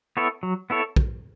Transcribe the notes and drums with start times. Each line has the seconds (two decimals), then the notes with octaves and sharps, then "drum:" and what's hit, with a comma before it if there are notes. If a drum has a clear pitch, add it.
0.17 B3 E4 A4 C#5
0.43 F#3
0.70 B3 E4 A4 C#5
0.96 drum: kick